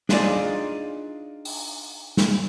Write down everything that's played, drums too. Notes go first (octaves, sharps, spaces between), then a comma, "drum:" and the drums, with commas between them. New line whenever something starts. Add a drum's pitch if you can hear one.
D4 D#4 F4 G#4 D5, drum: snare
drum: open hi-hat
drum: snare